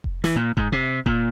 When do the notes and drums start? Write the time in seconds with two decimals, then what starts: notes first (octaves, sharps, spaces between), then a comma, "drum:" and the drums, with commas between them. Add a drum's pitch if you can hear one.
0.04 drum: kick F1
0.24 E3, drum: snare
0.36 A#2
0.57 G#2, drum: kick F1
0.72 C3
1.06 A#2, drum: kick F1